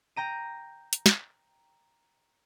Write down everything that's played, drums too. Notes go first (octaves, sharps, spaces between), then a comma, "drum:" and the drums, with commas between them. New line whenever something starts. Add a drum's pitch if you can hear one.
G5 A#5 D#7
drum: hi-hat
drum: snare